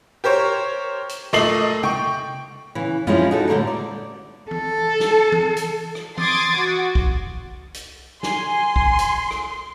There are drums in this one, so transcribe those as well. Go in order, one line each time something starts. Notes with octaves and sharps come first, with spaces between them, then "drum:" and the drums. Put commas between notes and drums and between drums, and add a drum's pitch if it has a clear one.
G4 A#4 C5 C#5
drum: hi-hat
A#2 A3 D#5 C7 F#7, drum: snare
G5 C#6, drum: tom
C#3 E3
F3 G3 G#3 C#4 E4 F4, drum: tom F#2
D#4 F#4 A4
A2 D3 F3 G3 A#3
D5
A4, drum: tom E3
drum: snare
drum: tom E3
drum: hi-hat
drum: rim click
C6 D6 D#6 G#6 A6, drum: tom E3
F#4
drum: kick
drum: hi-hat
G#5 C6, drum: snare
drum: kick
drum: hi-hat
drum: rim click